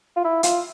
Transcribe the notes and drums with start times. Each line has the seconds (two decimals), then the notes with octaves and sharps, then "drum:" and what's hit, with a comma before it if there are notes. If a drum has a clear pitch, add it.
0.16 F4
0.24 E4
0.43 F4, drum: hi-hat